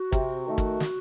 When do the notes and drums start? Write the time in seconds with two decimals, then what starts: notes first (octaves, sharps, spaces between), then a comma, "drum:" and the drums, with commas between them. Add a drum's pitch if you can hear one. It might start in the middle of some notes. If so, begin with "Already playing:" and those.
Already playing: F#4
0.12 C3, drum: kick G#1
0.47 D#3 A3
0.58 drum: kick G#1
0.80 drum: snare